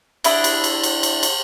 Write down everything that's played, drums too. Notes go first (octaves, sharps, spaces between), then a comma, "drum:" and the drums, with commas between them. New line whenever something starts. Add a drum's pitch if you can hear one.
D4 E4 B5 D#6, drum: cymbal
drum: cymbal
drum: cymbal
drum: cymbal
drum: cymbal
drum: cymbal